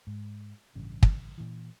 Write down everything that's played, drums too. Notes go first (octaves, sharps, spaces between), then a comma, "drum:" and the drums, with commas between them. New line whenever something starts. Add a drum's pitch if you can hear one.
G#2
A1 G2 C#3
drum: kick
A#2 E3